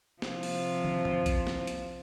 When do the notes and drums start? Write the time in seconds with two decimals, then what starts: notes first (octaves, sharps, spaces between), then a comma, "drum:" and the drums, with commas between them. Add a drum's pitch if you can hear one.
0.22 C3 F3, drum: snare
0.43 drum: open hi-hat
0.84 drum: tom
1.05 drum: tom
1.26 drum: kick A1, hi-hat
1.47 drum: snare
1.67 drum: hi-hat